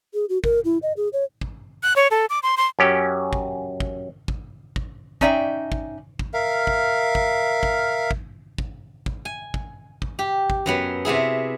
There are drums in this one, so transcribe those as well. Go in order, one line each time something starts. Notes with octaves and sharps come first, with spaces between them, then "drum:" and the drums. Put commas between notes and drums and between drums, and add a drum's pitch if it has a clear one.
G#4
F#4
A#4, drum: kick
E4
D#5
G#4
C#5
drum: kick
F#6
C#5
A4
D6
C6
C6
F#2 C#4 G4
drum: kick
drum: kick
drum: kick
drum: kick
C#4 D#4 D5 E5 G5, drum: kick
drum: kick
drum: kick
A#4 E5 F5
drum: kick
drum: kick
drum: kick
drum: kick
drum: kick
drum: kick
G#5
drum: kick
drum: kick
G4
drum: kick
F#2 F#3 B3
C3 B3 E4 G#4